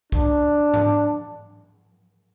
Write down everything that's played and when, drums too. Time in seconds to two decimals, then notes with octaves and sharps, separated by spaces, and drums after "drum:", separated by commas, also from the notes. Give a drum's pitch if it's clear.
0.12 D4, drum: kick C2
0.74 drum: tom G#2